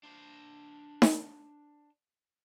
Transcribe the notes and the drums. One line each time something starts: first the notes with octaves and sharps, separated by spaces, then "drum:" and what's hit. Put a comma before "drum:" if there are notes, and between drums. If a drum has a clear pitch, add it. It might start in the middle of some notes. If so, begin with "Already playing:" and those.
D4 C5
drum: snare D#4